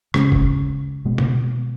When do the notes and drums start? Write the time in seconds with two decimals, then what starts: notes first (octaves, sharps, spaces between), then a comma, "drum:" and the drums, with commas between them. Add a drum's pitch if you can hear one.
0.14 C#3 G#3 C#4, drum: rim click
0.32 drum: kick
1.05 B2 G#3 B3
1.18 drum: tom